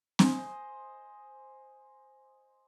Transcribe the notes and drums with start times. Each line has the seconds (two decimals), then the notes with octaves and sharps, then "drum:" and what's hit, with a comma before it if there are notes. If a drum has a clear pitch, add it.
0.19 C5 D#5 G#5, drum: snare C4